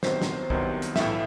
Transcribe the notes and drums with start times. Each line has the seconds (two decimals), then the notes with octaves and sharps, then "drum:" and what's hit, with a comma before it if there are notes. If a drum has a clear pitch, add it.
0.03 C2 C3 D#3 F#3 B3 C5, drum: snare
0.22 drum: snare
0.50 C2 C3 D#3 F#3 B3, drum: kick
0.82 drum: hi-hat
0.96 B1 A2 E3 A3 E5, drum: snare